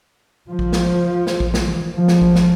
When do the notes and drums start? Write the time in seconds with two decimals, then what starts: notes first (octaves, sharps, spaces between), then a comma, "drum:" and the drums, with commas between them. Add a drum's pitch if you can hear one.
0.50 F3
0.59 drum: kick
0.73 drum: snare
1.27 drum: snare
1.40 drum: kick
1.54 drum: snare
1.67 drum: tom E3
1.94 F3
2.08 drum: snare
2.22 drum: kick
2.35 drum: snare